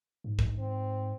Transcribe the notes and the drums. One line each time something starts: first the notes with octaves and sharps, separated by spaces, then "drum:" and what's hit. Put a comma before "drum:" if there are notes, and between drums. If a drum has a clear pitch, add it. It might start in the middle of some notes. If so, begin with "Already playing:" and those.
G#2
drum: kick
C4